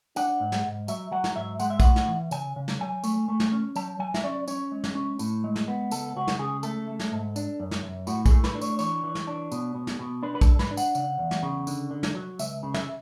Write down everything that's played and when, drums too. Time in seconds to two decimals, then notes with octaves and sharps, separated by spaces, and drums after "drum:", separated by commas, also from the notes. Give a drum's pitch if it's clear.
0.16 D4 F#5, drum: tambourine
0.40 G#2
0.52 drum: snare
0.65 G#2
0.88 F#3 E5, drum: tambourine
1.12 F#3 F#5
1.24 drum: snare
1.36 G#2 E5
1.60 G#3 F#5, drum: tambourine
1.70 E5
1.80 A2 F#5, drum: kick, tambourine
1.96 drum: snare
2.08 E3
2.31 C#3 G#5, drum: tambourine
2.56 C#3
2.68 drum: snare
2.80 F#3 G#5
3.04 A3, drum: tambourine
3.28 A3
3.40 drum: snare
3.52 C#4
3.76 F#3 A5, drum: tambourine
3.99 F#3 G#5
4.14 E5, drum: snare
4.24 C#4 D5
4.48 C#4 C#5, drum: tambourine
4.72 G#3
4.84 drum: snare
4.95 C#4
5.19 A2, drum: tambourine
5.44 G#3
5.56 drum: snare
5.68 B3
5.91 C#2 A4, drum: tambourine
6.16 C#2 F#4
6.28 drum: snare
6.39 C#3 G#4
6.63 A3 A4, drum: tambourine
6.88 A3
6.99 drum: snare
7.12 G#2
7.36 D4, drum: tambourine
7.60 F#2
7.71 drum: snare
7.83 F#2
8.07 A2 F#4, drum: tambourine
8.26 G#4, drum: kick, tambourine
8.31 A3
8.44 B4, drum: snare
8.55 D4
8.61 C#5, drum: tambourine
8.79 E3 C#5, drum: tambourine
9.04 E3
9.15 drum: snare
9.27 D4
9.52 B2, drum: tambourine
9.75 B2
9.87 drum: snare
9.99 B2
10.23 D4 B4
10.35 B4
10.41 A4, drum: kick, tambourine
10.47 G#2
10.59 B4, drum: snare
10.71 D4
10.77 F#5, drum: tambourine
10.95 C#3, drum: tambourine
11.19 E2
11.31 drum: snare
11.43 C#3
11.67 D3, drum: tambourine
11.91 D3
12.03 drum: snare
12.15 F#3
12.39 C#2 E5, drum: tambourine
12.63 C#3
12.74 E5, drum: snare